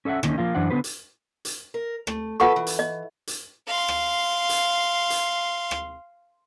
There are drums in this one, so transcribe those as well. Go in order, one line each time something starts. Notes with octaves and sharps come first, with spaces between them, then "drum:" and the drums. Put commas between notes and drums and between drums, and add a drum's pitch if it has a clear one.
C#4 A4 D#5 E5 F#5
D3 D#3 A#3 C#4 D#4, drum: rim click
F3 A#3 F4
F#2 E3 D4 C5 F#5
D3 B3 C4 G4 B4 C5
drum: hi-hat
drum: hi-hat
A#4
A3, drum: rim click
F4 A4 B4 D#5 F#5 C#6
E3
drum: hi-hat
D#5
drum: hi-hat
F5 C6
drum: rim click
drum: hi-hat
drum: hi-hat
drum: rim click